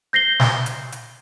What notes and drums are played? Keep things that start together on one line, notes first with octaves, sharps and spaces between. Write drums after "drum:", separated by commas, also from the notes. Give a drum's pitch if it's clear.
G6 A#6 C7 G7
drum: snare
drum: hi-hat
drum: hi-hat